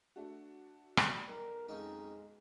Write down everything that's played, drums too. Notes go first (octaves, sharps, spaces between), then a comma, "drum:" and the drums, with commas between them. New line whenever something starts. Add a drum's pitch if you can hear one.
A3 D4 F#4
G3, drum: rim click
B1 A#4
F2 G#3 C#4 D#4